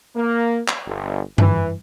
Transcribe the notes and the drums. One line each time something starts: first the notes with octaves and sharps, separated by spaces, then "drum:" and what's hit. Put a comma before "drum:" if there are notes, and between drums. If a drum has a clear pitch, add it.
A#3
drum: clap
G1
E3, drum: tom F#2